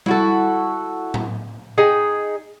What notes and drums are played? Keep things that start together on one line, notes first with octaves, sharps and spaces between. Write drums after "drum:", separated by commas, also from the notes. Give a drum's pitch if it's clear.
E4 F#4 A4, drum: tom G3
drum: tom A2
D#4 G#4 G5